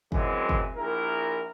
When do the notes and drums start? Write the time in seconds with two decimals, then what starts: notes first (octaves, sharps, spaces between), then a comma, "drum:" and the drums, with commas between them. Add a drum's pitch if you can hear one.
0.12 F#2 E3 G#3 C4, drum: kick
0.49 drum: kick
0.75 A#1 E4 A#4